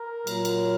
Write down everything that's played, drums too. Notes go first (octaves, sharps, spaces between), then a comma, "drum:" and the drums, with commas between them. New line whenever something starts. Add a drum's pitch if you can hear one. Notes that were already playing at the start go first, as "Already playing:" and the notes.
Already playing: A#4
A#2 F#3, drum: cymbal
drum: cymbal